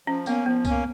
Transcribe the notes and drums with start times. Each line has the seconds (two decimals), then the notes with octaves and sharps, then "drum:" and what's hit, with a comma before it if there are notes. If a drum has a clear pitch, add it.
0.07 F3 C#4
0.26 A#3 B3 C#4, drum: tambourine
0.46 F3 B3
0.65 A#3 C#4, drum: kick C2, tambourine